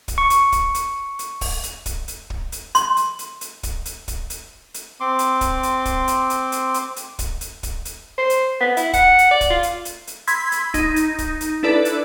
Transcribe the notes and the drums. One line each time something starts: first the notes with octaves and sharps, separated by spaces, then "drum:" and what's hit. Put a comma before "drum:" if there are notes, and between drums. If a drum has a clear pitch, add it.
drum: kick, hi-hat
C#6
drum: hi-hat
drum: kick, hi-hat
drum: hi-hat
drum: hi-hat
drum: kick, open hi-hat
drum: hi-hat
drum: kick, hi-hat
drum: hi-hat
drum: kick
drum: hi-hat
C6, drum: hi-hat
drum: hi-hat
drum: hi-hat
drum: hi-hat
drum: kick, hi-hat
drum: hi-hat
drum: kick, hi-hat
drum: hi-hat
drum: hi-hat
C4 C6 D6
drum: hi-hat
drum: kick, hi-hat
drum: hi-hat
drum: kick, hi-hat
drum: hi-hat
drum: hi-hat
drum: hi-hat
drum: hi-hat
drum: hi-hat
drum: kick, hi-hat
drum: hi-hat
drum: kick, hi-hat
drum: hi-hat
C5
drum: hi-hat
B3
E4, drum: hi-hat
F#5, drum: kick, hi-hat
drum: hi-hat
D5
drum: kick, hi-hat
F4
drum: hi-hat
drum: hi-hat
drum: hi-hat
B5 C6 E6 G#6 B6, drum: hi-hat
drum: hi-hat
D#4, drum: kick, hi-hat
drum: hi-hat
drum: kick, hi-hat
drum: hi-hat
D4 E4 A4 B4 D5
drum: hi-hat